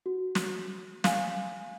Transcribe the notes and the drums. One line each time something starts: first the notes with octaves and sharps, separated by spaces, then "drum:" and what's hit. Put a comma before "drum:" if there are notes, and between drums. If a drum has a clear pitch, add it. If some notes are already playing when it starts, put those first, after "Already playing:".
F#4
drum: snare
F5 G#5, drum: snare